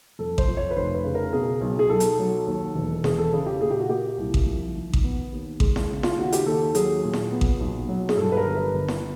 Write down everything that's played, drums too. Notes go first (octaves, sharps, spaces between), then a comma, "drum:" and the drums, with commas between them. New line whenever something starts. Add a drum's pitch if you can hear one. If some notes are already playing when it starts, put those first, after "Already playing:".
F2 A4
C5, drum: kick A1
F3
C#5
B4
F1 C5
B4
C#3
A#4
B2 G#4
B1
G#4
B1 A4
drum: hi-hat
F#3
D#2
E1
E1 G#4, drum: snare E4
A4
C#3 G#4
G4
A#2 G#4
G4
F#4
A#3 G4
C2
drum: kick A1
F3
D#3
drum: kick A1
B3
D#2
G#3, drum: kick A1
drum: snare E4
C#3
F4, drum: snare E4
D#2 F#4
G4, drum: hi-hat
D#2 A4
F#3 G#4, drum: hi-hat
A#2
drum: snare E4
B3
drum: kick A1
B1
F#3
G#4, drum: snare E4
G2 A4
B4
A#4
G1
B4
G1
drum: snare E4